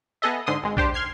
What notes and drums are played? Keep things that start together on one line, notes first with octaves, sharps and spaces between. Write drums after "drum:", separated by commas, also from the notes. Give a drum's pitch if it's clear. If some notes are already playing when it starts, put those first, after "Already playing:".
B3 G#4 A4 D#5 E5
G#2 D3 C6 D#6
G#1 G#3
D4 G4 C5, drum: kick
C6 F6 G#6 C7